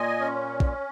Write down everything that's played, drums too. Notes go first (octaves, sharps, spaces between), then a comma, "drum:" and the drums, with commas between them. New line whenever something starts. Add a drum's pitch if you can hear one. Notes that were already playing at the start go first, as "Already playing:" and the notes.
Already playing: A#2 D#5 G#5
C#4
drum: kick